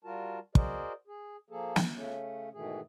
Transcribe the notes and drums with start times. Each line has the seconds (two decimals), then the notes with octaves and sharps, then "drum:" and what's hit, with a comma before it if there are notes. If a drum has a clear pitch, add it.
0.04 G3 F4 F#4 A#4 A5
0.55 F#4 G#4 A#4 C5 D5 D#5, drum: kick
1.07 G#4
1.50 F3 A#3 G#4 A4
1.76 drum: snare
1.94 C#3 A3 C#4
2.53 G#2 B2 D#3 E3 A3 G#4